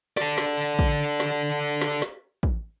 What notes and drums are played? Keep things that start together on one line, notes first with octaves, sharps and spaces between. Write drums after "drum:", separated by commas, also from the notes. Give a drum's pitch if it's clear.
A4 D5, drum: snare
drum: snare
drum: kick
drum: snare
drum: snare
drum: snare
drum: kick